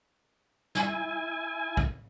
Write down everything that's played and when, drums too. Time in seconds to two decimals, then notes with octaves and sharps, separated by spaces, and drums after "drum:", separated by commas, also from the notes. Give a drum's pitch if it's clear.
0.75 E4 G#5, drum: snare
1.77 drum: kick